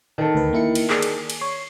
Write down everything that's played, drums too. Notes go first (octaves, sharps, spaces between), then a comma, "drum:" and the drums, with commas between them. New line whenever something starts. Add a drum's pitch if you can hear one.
D#3 A4
D2 B4
A#3 E4 C#7
drum: cymbal
G#4 D5, drum: clap
drum: cymbal
drum: cymbal
C#5 C7